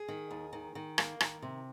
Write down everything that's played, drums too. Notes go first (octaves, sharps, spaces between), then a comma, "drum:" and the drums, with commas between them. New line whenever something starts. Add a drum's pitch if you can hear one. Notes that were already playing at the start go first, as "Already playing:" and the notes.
Already playing: G#4
D#3
D#2
D#3
D#3
A#3, drum: rim click
D#3, drum: rim click
C3